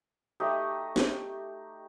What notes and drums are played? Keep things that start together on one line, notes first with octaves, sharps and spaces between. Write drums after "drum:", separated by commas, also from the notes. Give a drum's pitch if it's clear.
A3 D#4 G4 D#5
drum: snare